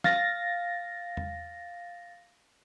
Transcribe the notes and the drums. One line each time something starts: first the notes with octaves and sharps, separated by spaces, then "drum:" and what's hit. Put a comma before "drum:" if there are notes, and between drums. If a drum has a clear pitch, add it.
F5 A6 A#6, drum: snare
drum: tom E2